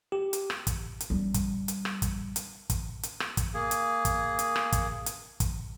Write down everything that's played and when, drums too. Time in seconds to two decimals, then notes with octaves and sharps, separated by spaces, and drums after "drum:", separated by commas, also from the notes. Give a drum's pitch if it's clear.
0.12 G4
0.33 drum: hi-hat
0.50 drum: rim click
0.67 drum: kick, hi-hat
1.01 drum: hi-hat
1.10 G3 C#4
1.34 drum: kick, hi-hat
1.68 drum: hi-hat
1.85 drum: rim click
2.02 drum: kick, hi-hat
2.36 drum: hi-hat
2.70 drum: kick, hi-hat
3.03 drum: hi-hat
3.20 drum: rim click
3.37 drum: kick, hi-hat
3.54 A#3 G#4
3.71 drum: hi-hat
4.05 drum: kick, hi-hat
4.39 drum: hi-hat
4.56 drum: rim click
4.72 drum: kick, hi-hat
5.06 drum: hi-hat
5.40 drum: kick, hi-hat